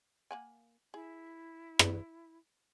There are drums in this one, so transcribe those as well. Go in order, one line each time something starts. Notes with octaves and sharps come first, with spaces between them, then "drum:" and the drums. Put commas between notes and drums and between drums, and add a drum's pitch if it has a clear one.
A#3 F#5 G#5
E4 G#4
drum: rim click